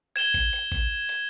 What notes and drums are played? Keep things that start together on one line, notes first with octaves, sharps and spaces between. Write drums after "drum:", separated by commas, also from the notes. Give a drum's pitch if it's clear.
G#6 E7 G7, drum: hi-hat
drum: kick, hi-hat
drum: hi-hat
drum: kick, hi-hat
drum: hi-hat